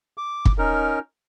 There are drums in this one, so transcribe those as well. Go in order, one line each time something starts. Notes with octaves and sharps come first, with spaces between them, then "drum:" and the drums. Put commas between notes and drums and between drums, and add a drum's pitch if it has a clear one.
D6
drum: kick
C#4 D#4 A#4